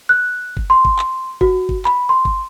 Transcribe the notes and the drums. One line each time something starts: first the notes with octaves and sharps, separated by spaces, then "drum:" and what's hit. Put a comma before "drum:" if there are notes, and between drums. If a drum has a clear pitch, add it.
F#6
drum: kick
C6
drum: kick
drum: clap
F#4, drum: kick
drum: kick
B5, drum: clap
C6
drum: kick